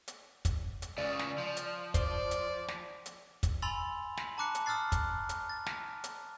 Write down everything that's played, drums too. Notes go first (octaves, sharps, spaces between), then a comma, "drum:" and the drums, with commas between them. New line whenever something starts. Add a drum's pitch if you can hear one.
drum: hi-hat
drum: kick, hi-hat
drum: hi-hat
C#2 C#3 D5
drum: snare
F3
drum: hi-hat
C5 D5, drum: kick, hi-hat
drum: hi-hat
drum: snare
drum: hi-hat
drum: kick, hi-hat
G#5 B5 C6 E6 A6 F7
F#7, drum: snare
A5 A#5 D6 F#6 C#7
drum: hi-hat
D#6 F6 F#6 A6 C7
drum: kick, hi-hat
drum: hi-hat
A6
drum: snare
drum: hi-hat